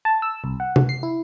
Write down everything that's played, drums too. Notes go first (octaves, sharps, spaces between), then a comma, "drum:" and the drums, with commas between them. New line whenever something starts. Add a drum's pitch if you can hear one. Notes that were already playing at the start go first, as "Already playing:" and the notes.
A5
E6
C2
F#5
drum: tom C3
C7
E4